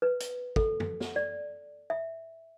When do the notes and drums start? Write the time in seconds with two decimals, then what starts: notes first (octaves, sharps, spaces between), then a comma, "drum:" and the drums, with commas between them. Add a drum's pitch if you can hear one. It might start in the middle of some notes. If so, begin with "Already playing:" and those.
0.02 B4
0.20 drum: hi-hat
0.56 A4, drum: kick
0.80 drum: tom
1.00 drum: snare
1.16 D5
1.90 E5